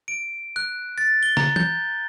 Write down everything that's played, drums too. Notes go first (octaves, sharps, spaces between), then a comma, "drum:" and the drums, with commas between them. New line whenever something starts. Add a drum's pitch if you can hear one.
D7
F#6
A6
G7
A#5, drum: snare
G6, drum: tom